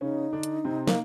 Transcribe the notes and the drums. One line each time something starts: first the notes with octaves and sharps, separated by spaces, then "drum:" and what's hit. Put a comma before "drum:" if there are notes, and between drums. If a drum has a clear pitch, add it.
C#3 C#4 D#4
D3 D4
drum: hi-hat
C3 C4
A#3, drum: snare